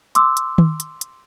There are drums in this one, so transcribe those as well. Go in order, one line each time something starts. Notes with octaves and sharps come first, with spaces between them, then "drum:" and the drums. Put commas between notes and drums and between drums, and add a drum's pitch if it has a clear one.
C6 D6 E6, drum: hi-hat
drum: hi-hat
drum: tom D#3
drum: hi-hat
drum: hi-hat